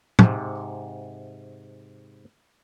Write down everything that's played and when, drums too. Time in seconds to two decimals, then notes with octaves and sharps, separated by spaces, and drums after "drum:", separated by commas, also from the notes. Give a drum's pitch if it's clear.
0.19 G#2 C3, drum: tom